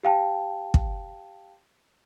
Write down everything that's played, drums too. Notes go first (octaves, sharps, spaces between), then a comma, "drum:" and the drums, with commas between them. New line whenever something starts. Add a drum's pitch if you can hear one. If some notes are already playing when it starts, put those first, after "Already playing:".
G4 F5 G5 A5
drum: kick